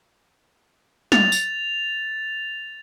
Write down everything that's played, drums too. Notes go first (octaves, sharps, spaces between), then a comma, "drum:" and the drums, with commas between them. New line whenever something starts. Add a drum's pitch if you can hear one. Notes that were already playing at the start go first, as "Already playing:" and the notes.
A6 F7, drum: snare
drum: tambourine